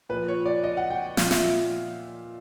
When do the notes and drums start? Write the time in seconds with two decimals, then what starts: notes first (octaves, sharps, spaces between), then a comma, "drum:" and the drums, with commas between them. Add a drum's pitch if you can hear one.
0.09 A#2 F3 B4
0.28 C#5
0.46 D5
0.64 D#5
0.77 F#5
0.90 G5
1.17 A#2 F3 F5, drum: snare
1.31 E5, drum: snare